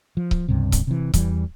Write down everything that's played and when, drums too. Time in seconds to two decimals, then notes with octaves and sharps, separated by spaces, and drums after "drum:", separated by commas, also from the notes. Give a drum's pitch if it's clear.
0.17 F3
0.31 drum: kick C#1
0.48 C#2 G2 C3
0.72 drum: kick C#1, hi-hat
0.87 C3 E3
1.14 E2 E3 G3, drum: kick C#1, hi-hat